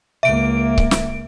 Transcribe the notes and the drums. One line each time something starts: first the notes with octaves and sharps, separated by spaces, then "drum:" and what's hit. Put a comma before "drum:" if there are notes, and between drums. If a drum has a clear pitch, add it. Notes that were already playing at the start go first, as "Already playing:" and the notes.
C#2 A#3 E5 D7
drum: kick C#1
drum: snare